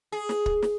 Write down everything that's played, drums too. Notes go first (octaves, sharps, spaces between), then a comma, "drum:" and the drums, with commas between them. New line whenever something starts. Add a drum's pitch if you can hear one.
G#4
drum: snare
drum: kick
drum: snare